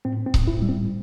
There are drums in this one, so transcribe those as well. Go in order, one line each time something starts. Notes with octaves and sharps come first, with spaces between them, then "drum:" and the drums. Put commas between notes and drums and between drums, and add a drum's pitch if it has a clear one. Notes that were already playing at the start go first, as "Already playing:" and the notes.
A2 C4
C4
A2, drum: kick C#1
E4
G3
C4